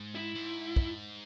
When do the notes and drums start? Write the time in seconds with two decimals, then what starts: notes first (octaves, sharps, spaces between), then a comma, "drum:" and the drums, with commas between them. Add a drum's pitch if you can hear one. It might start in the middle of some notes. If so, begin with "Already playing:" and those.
Already playing: G#2
0.15 E4
0.35 G#2
0.76 drum: kick